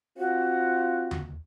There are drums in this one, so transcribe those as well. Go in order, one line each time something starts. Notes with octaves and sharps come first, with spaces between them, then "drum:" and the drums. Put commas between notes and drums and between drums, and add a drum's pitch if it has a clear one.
C4 F4 F#4
drum: tom D#2